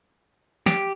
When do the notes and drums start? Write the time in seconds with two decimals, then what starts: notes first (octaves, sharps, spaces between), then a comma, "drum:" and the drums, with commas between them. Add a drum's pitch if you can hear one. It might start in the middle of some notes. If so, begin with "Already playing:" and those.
0.66 G4, drum: snare